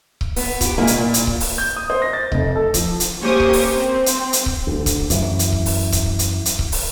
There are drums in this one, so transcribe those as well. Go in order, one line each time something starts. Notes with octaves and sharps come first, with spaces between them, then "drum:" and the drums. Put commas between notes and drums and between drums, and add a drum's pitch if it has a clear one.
drum: kick C#1
B3, drum: open hi-hat
F#4 G4, drum: kick C#1, hi-hat
A#2 F#3 G#3 A#3 E4 G#4
drum: hi-hat
A#2
drum: hi-hat
drum: kick C#1
drum: open hi-hat
G6
D#6
C5
A#6
A6
F1, drum: kick C#1
A4
F3, drum: kick C#1, hi-hat
drum: hi-hat
A#3 C#4 G4 C5 C#6 D#6
drum: kick C#1
drum: open hi-hat
C4
drum: hi-hat
drum: hi-hat
drum: kick C#1
D2
drum: kick C#1, hi-hat
F#2 E3, drum: hi-hat
drum: hi-hat
drum: kick C#1
drum: open hi-hat
drum: kick C#1, hi-hat
drum: hi-hat
drum: hi-hat
drum: kick C#1
drum: open hi-hat